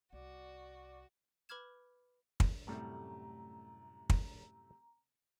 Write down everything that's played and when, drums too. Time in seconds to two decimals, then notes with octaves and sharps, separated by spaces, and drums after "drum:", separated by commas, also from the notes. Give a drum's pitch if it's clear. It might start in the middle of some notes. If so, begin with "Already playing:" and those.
0.13 C2 F#4 D5
1.49 B4 B5 D6 F6 G#6 E7
2.40 drum: kick
2.67 F#2 A2 C3 G3 A3 A#5
4.10 drum: kick